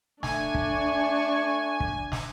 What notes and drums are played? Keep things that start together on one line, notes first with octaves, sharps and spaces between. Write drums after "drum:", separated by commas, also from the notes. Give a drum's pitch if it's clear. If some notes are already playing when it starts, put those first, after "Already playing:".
A3 D4 G#5 C#6, drum: snare
drum: kick
drum: kick
drum: snare